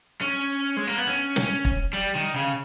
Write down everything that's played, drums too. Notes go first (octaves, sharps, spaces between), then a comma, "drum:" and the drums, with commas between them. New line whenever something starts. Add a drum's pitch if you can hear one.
C#4
G#3
A#3
B3
C#4
drum: snare
drum: kick
G3
D#3
C#3